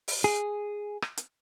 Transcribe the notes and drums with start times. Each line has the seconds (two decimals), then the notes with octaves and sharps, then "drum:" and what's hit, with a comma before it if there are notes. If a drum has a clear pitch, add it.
0.08 drum: open hi-hat
0.24 G#4
1.02 drum: rim click
1.17 drum: hi-hat